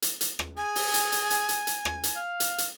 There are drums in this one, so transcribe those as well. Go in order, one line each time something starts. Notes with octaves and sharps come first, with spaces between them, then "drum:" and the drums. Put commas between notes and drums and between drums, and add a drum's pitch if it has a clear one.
drum: hi-hat
drum: hi-hat
drum: rim click
G#4 G#5
drum: open hi-hat
drum: hi-hat
drum: hi-hat
drum: hi-hat
drum: hi-hat
drum: hi-hat
drum: rim click
drum: hi-hat
F5
drum: hi-hat
drum: hi-hat